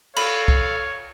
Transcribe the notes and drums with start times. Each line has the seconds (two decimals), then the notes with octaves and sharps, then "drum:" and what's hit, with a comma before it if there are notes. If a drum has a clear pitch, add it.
0.17 A4 C#5 F5 B5 F6, drum: cymbal
0.48 drum: kick C2